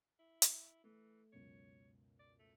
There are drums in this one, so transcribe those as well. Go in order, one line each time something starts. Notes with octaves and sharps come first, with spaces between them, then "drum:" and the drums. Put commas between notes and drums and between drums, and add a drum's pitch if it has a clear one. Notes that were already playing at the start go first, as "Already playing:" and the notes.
E4
drum: hi-hat
E3 A3
C#2 F#2 B2 C#5
D5
A3